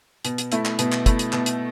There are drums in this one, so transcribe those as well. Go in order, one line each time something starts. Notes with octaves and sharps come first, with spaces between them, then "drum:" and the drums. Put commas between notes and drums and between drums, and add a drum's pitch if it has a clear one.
B2, drum: hi-hat
drum: hi-hat
A3 E4, drum: hi-hat
drum: clap
B2, drum: hi-hat
drum: clap
A3 E4, drum: kick, hi-hat
drum: hi-hat
B2, drum: clap
drum: hi-hat